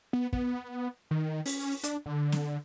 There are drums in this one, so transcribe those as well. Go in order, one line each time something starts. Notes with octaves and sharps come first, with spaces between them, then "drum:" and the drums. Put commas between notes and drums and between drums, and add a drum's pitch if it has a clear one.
B3
B3, drum: kick
D#3
C#4, drum: open hi-hat
D4, drum: hi-hat
D3
drum: snare